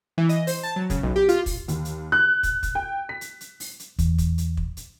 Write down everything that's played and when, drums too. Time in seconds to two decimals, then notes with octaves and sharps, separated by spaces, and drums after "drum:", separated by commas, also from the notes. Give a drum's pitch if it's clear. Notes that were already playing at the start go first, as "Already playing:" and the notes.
0.18 E3
0.29 D#5, drum: hi-hat
0.47 C5, drum: open hi-hat
0.63 A5
0.76 F#3
0.90 C#3, drum: kick, hi-hat
1.03 B1
1.16 G4
1.29 F4, drum: hi-hat
1.46 drum: kick, open hi-hat
1.68 D#2, drum: hi-hat
1.85 drum: hi-hat
2.12 F#6
2.43 drum: kick, hi-hat
2.63 drum: kick, hi-hat
2.75 G5
3.09 B6
3.21 drum: hi-hat
3.41 drum: hi-hat
3.60 drum: open hi-hat
3.79 drum: hi-hat
3.99 E2, drum: kick, hi-hat
4.18 drum: kick, hi-hat
4.38 drum: hi-hat
4.57 drum: kick
4.77 drum: hi-hat